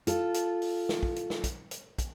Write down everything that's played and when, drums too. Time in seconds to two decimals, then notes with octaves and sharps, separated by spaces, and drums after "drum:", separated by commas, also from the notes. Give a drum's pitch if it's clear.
0.07 F4 A4, drum: hi-hat
0.34 drum: hi-hat
0.62 drum: open hi-hat
0.89 drum: snare
1.03 drum: kick
1.16 drum: hi-hat
1.30 drum: snare
1.44 drum: kick, hi-hat
1.71 drum: hi-hat
1.98 drum: kick, hi-hat